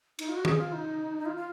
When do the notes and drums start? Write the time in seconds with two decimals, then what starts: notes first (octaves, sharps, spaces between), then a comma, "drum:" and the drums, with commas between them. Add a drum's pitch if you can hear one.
0.19 D#4, drum: cymbal
0.29 F4
0.36 F#4
0.45 G#4, drum: tom
0.58 F4
0.73 D#4
1.18 D#4
1.26 F4
1.37 F4